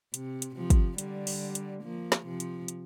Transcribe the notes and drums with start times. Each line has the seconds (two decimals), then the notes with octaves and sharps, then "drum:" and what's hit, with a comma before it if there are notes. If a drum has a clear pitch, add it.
0.14 C3, drum: hi-hat
0.42 drum: hi-hat
0.56 C3 F3
0.70 drum: kick, hi-hat
0.98 D3 G3, drum: hi-hat
1.27 drum: open hi-hat
1.55 drum: hi-hat
1.83 F3 A#3
2.12 drum: snare
2.26 C3 F3
2.40 drum: hi-hat
2.68 drum: hi-hat